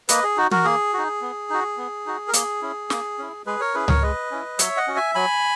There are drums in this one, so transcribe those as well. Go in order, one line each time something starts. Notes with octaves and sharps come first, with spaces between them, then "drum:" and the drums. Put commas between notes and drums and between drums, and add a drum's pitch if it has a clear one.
A#3 B4 D#5, drum: hi-hat
G#4
D#4 F#4
F#4 A#4, drum: tom
A#3 G#4
D#4 F#4
B3
D#4 F#4
B3
D#4 F#4
A#4
A#3 G#4, drum: hi-hat
C#4 E4
A#3, drum: snare
C#4 E4
G#3 G#4 B4
A#4 C#5
C#4 E4 G#4 B4
A#4 C#5, drum: tom C#2
G#3 B4 D#5
C#4 E4
F#3 C#5 E5, drum: hi-hat
D#5 F#5
C#4 F#4
E5 G#5
F#3 G#5 B5